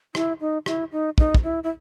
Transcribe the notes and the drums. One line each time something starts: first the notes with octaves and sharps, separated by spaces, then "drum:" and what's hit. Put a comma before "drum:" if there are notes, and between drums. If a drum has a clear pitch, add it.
E4, drum: rim click
D#4
E4, drum: rim click
D#4
D#4, drum: kick
drum: kick
E4
E4